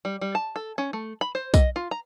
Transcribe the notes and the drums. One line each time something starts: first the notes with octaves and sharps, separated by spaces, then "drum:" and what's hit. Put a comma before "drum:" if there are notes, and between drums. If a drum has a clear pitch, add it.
G3
G3
A5
A4
C#4
A3
B5
C5
D#5, drum: kick, tambourine
F4
A#5